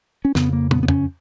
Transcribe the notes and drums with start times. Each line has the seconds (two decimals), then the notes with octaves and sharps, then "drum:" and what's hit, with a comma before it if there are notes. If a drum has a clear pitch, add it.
0.25 C#4
0.35 F2 C#3 B3, drum: snare
0.53 A#3
0.71 B3, drum: tom
0.83 B3
0.88 C#4, drum: tom